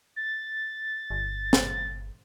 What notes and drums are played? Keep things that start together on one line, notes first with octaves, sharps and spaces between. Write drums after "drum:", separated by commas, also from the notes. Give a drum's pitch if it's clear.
A6
G1
drum: snare